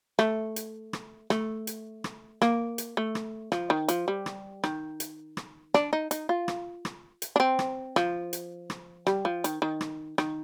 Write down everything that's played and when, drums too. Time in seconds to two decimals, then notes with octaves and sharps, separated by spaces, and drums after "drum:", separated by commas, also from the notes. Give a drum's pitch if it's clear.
0.19 A3, drum: rim click
0.56 drum: hi-hat
0.93 drum: rim click
1.30 A3, drum: rim click
1.67 drum: hi-hat
2.04 drum: rim click
2.42 A#3, drum: rim click
2.78 drum: hi-hat
2.97 A3
3.15 drum: rim click
3.52 F3, drum: rim click
3.70 D#3
3.88 F3, drum: hi-hat
4.08 G3
4.26 drum: rim click
4.64 D#3, drum: rim click
5.00 drum: hi-hat
5.37 drum: rim click
5.74 D4, drum: rim click
5.93 D#4
6.11 D#4, drum: hi-hat
6.29 F4
6.48 drum: rim click
6.85 drum: rim click
7.22 drum: hi-hat
7.36 D4
7.40 C4
7.59 drum: rim click
7.96 F3, drum: rim click
8.33 drum: hi-hat
8.70 drum: rim click
9.07 G3, drum: rim click
9.25 F3
9.44 D#3, drum: hi-hat
9.62 D#3
9.81 drum: rim click
10.18 D#3, drum: rim click